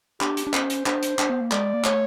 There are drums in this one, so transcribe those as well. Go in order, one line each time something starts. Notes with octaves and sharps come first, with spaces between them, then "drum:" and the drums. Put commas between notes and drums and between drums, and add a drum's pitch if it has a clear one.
D4 G4, drum: clap
drum: hi-hat
D4
C#4 C5, drum: clap
drum: hi-hat
D4 C5, drum: clap
drum: hi-hat
D4, drum: clap
B3
A#3
G#3 D5, drum: clap
A#3
A3 C#5, drum: clap